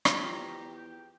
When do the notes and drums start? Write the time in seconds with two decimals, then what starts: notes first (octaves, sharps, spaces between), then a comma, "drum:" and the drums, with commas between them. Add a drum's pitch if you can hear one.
0.05 drum: rim click
0.22 E2 F3 G4 A#5
0.78 G5